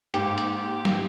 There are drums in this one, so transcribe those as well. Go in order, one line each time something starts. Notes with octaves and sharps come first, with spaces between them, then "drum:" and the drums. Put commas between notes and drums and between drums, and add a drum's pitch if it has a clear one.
G#2 A#3 G4 G5 D6, drum: hi-hat
drum: hi-hat
drum: snare